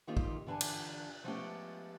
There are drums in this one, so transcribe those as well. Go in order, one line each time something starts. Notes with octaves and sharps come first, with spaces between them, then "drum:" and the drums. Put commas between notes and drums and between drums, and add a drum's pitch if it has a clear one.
D#3 A#3 C4 D#4 F4 G4
drum: kick
D3 E3 D4 G4 G#5 A5
drum: cymbal
F3 G#3 A3 B3 C#4 G4